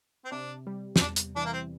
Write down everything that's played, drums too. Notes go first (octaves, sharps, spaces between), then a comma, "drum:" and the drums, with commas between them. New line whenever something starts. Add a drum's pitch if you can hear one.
C4
C3 D4
G3
C4, drum: snare
E2 D4
drum: hi-hat
E3 D4
A#3
C4